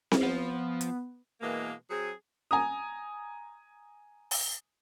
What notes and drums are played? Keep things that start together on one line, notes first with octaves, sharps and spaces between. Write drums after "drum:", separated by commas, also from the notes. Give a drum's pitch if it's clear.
drum: snare C4
F3 B3
drum: hi-hat
B2 E3 G#3 A#3
F#3 C4 G#4
G#5 A#5 D#6
drum: open hi-hat